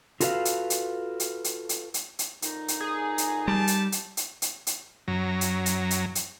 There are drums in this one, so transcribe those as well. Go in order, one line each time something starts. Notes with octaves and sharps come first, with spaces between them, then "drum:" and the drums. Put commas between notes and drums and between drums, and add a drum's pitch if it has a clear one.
F4 F#4 A4 B4 D5 F5, drum: hi-hat
drum: hi-hat
drum: hi-hat
drum: hi-hat
drum: hi-hat
drum: hi-hat
drum: hi-hat
drum: hi-hat
F2 A#2 D#4, drum: hi-hat
drum: hi-hat
G#4
drum: hi-hat
G3 A5
drum: hi-hat
drum: hi-hat
drum: hi-hat
drum: hi-hat
drum: hi-hat
F#2 F#3 A#5
drum: hi-hat
drum: hi-hat
drum: hi-hat
drum: hi-hat